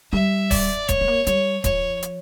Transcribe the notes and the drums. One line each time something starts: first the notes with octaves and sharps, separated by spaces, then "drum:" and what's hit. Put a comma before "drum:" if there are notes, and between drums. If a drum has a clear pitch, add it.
G3 E5
D5, drum: kick D1, open hi-hat
A3 C#5, drum: kick D1, hi-hat
A3
A#3
G3 C#5, drum: hi-hat
F3 C#5, drum: kick D1, hi-hat
drum: hi-hat